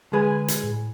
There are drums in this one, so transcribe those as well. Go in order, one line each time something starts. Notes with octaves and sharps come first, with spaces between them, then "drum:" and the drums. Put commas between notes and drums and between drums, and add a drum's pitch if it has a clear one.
D3 G#3 G#4 B4 G#5
drum: hi-hat
A2